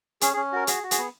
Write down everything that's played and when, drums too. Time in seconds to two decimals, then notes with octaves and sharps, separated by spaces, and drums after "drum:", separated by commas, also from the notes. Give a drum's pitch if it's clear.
0.21 C#4 G#4, drum: hi-hat
0.34 G#4
0.37 C#4
0.52 F#4 A#4
0.67 F#4 G#4, drum: hi-hat
0.83 F#4
0.91 G#4, drum: hi-hat
0.98 B3